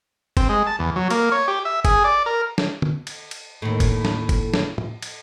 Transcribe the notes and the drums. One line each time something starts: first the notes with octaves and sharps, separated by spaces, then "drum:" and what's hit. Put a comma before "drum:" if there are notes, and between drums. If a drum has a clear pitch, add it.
C4, drum: kick F#1, cymbal
G#3
A5
E2
F#3
A#3, drum: cymbal
C#5
G4
E5
G#4, drum: kick F#1, cymbal
D5
A#4
drum: snare
drum: tom
drum: cymbal
drum: cymbal
D#2 A2
drum: kick F#1, cymbal
drum: snare
drum: kick F#1, cymbal
drum: snare
drum: tom
drum: cymbal